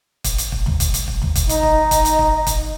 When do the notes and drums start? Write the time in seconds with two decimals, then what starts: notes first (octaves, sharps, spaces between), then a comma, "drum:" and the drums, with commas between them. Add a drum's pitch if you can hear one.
0.24 drum: kick, hi-hat
0.38 drum: hi-hat
0.52 drum: kick
0.66 drum: tom
0.80 drum: kick, hi-hat
0.94 drum: hi-hat
1.08 drum: kick
1.22 drum: tom
1.35 drum: kick, hi-hat
1.49 D#4 D#5, drum: hi-hat
1.63 drum: kick
1.91 drum: kick, hi-hat
2.05 drum: hi-hat
2.19 drum: kick
2.47 drum: kick, hi-hat